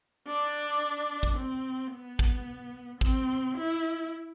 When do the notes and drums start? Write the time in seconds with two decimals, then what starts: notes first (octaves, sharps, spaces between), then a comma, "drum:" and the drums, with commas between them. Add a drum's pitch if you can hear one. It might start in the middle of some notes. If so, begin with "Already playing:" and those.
0.27 D4
1.23 drum: kick
1.37 C4
1.92 B3
2.19 drum: kick
3.01 C4, drum: kick
3.57 E4